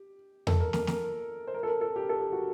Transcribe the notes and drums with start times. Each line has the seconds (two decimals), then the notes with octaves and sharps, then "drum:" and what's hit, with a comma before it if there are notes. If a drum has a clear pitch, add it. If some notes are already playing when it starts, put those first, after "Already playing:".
Already playing: G4
0.47 A4, drum: tom E2
0.60 A#4
0.73 A#4, drum: snare
0.87 A#4, drum: snare
1.47 C5
1.54 A#4
1.63 A4
1.68 A#4
1.81 A4
1.96 G4
2.09 A4
2.20 G4
2.32 F#4